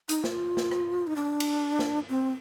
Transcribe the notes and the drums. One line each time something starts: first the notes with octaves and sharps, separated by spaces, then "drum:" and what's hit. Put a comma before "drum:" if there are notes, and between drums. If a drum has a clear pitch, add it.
D#4, drum: hi-hat
F4, drum: snare
drum: snare
drum: rim click
D#4
D4
drum: cymbal
drum: snare
C4